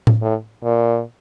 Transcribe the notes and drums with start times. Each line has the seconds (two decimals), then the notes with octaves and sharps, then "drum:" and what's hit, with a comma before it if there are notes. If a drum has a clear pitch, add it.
0.07 drum: tom A2
0.21 A2
0.63 A#2